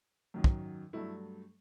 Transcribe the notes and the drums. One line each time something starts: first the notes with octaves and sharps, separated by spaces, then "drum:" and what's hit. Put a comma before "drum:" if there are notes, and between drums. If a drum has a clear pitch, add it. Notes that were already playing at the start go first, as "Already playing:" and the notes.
F#2 D#3 F#3
drum: kick
G2 F#3 A3 E4